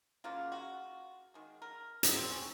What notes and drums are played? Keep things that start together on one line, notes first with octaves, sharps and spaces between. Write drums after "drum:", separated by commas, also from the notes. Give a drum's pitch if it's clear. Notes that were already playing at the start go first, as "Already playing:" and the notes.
C#3 F#3 A#3 F4
F#4
D#3 G#3
A#4
D#4, drum: hi-hat
C4
C#4